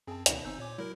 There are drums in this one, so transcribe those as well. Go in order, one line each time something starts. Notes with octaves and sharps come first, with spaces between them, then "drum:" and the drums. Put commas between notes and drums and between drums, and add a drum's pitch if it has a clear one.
F#2 C4 G#4 A5
D2 B2 D#3 C#4, drum: hi-hat
G1 C4 D#4 G#5 E6 G6
A#2 C#5 D6
F#3 E4 A#4